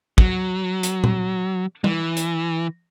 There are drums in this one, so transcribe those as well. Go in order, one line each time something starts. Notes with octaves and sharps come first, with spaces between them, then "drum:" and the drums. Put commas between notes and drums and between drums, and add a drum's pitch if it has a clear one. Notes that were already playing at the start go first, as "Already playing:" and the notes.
F#3, drum: kick
drum: hi-hat
drum: tom A#2
E3, drum: tom
drum: hi-hat